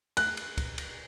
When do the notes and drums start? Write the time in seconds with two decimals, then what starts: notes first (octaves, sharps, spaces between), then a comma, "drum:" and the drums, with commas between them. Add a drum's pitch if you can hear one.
0.17 F#6, drum: cymbal
0.37 drum: cymbal
0.58 drum: kick, cymbal
0.78 drum: cymbal